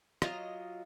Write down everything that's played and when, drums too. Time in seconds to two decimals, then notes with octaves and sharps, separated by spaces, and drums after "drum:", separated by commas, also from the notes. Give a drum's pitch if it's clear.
0.22 F#3 F4 D#5 A#5, drum: rim click